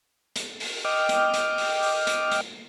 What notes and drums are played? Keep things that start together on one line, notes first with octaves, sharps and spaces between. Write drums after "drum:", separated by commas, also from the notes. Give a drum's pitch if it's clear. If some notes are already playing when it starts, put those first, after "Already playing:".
drum: hi-hat
drum: open hi-hat
D#5 G5 D6 F6
drum: hi-hat
drum: hi-hat
drum: open hi-hat
drum: open hi-hat
drum: hi-hat
drum: hi-hat